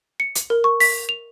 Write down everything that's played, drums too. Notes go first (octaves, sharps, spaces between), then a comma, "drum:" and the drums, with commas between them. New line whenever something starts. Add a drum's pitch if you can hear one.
C#7
drum: hi-hat
A#4
C#6
B6, drum: open hi-hat
F7